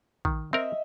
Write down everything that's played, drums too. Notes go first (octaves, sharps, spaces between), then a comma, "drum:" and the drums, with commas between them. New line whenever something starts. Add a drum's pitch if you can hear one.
D#3, drum: kick A#1
C4 A#4 D#5 E5